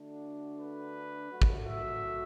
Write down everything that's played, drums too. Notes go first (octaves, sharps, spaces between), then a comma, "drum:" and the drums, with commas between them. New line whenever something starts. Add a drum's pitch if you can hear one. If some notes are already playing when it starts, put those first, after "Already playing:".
Already playing: D3 A3 D4 F#4
B4
F#3 A3 F#4
drum: kick
E5